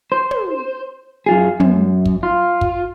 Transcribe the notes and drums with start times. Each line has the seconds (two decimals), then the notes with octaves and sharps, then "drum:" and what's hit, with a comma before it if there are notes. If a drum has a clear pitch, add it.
0.12 C5
0.31 drum: tom
1.26 F#2 F4 G#4
1.60 F#2, drum: tom
2.06 drum: kick
2.23 F4
2.61 drum: kick